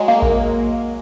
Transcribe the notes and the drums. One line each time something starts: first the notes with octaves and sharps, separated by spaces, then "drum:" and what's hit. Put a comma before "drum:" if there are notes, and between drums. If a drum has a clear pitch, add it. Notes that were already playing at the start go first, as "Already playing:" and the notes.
Already playing: F#3 G#3
A#3
drum: kick A1